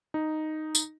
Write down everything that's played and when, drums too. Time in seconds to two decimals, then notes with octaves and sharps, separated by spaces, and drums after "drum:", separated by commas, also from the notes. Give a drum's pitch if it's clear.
0.14 D#4
0.75 drum: tambourine